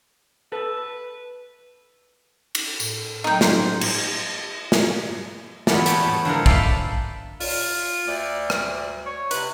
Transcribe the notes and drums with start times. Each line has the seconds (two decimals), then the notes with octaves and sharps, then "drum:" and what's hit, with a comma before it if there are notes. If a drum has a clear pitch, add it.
0.52 A4 B4
2.55 drum: cymbal
2.80 A2, drum: tambourine
3.24 F#3 A3 D#4 G5
3.41 C#4 D#4 A4 C5, drum: snare
3.81 drum: cymbal
4.72 drum: snare
5.67 E2 B3 D5, drum: snare
5.86 C#5 G5 A5 B5, drum: hi-hat
6.07 A2
6.25 D3 F3 G#3 A#4
6.46 D5 E5 F5 G5 A5 B5, drum: kick
7.40 F4, drum: open hi-hat
8.08 D2 D5
8.50 drum: rim click
9.06 C#5
9.31 C3 B4, drum: hi-hat